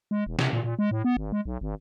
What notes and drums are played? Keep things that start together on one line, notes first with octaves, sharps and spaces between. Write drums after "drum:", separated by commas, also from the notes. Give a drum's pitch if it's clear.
G#3
E1
C3, drum: snare
A#2
A#2
G#3
A2
B3
G#1
G#3
B1
G#1